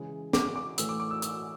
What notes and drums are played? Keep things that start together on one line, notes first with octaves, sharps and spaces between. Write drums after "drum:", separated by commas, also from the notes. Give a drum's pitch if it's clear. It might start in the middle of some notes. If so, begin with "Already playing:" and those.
Already playing: C#3 E3 G#3
D6, drum: snare
D6
A2 E3 A3 E6, drum: hi-hat
D6
D6
E6
E6, drum: hi-hat